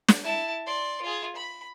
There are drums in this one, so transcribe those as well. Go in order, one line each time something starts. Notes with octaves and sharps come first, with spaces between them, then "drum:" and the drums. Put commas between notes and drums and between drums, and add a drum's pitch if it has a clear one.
drum: snare
E4 A5
D5 C6
F4 G#4
B5